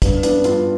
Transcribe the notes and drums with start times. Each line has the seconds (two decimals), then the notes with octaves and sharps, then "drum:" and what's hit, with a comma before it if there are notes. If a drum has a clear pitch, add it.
0.02 G2 B3 D4, drum: kick, hi-hat
0.23 G2 B3 D4, drum: hi-hat
0.44 G2 D4 F4, drum: hi-hat